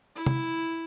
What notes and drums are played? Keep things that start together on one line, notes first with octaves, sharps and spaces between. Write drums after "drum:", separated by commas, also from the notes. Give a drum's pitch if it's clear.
E4
drum: tom C3